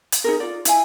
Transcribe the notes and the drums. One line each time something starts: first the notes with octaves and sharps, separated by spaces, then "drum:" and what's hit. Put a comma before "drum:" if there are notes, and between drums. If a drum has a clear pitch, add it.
drum: hi-hat
D#4 G#4 A#4
F4 D5
E4 F5 G#5, drum: hi-hat